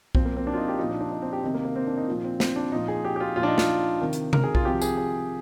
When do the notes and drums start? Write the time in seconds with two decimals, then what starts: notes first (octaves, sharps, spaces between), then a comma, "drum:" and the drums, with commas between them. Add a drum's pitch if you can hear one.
0.15 A#2 F3 C4, drum: kick B1
0.25 A#3
0.36 C4
0.47 D4
0.54 F4
0.57 D#4
0.68 G4
0.79 A#2 F3 D#4
0.90 D4
1.01 D4
1.11 D#4
1.22 C4
1.33 G4
1.44 C3 D#3 D#4
1.54 A#3
1.65 A#3
1.75 C4
1.87 D4
1.97 D#4
2.08 A#2 F3
2.24 C4
2.40 C4, drum: snare
2.56 D4
2.72 A#2 F3 D#4
2.88 G#4
3.05 G4
3.16 G4
3.20 F4
3.36 A#2 F3 F4
3.43 D4
3.47 D#4
3.58 F4, drum: snare
4.01 C3 D#3
4.13 drum: hi-hat
4.33 A#4, drum: tom C3
4.44 G#4
4.55 F4, drum: kick B1
4.65 C3 F3 G4
4.82 G#4, drum: tambourine
4.97 G#4